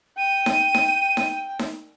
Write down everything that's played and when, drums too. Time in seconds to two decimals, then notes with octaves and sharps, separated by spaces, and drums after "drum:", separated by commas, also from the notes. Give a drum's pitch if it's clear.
0.18 G5 D#7
0.46 drum: snare D#4
0.74 drum: snare D#4
1.17 drum: snare D#4
1.59 drum: snare D#4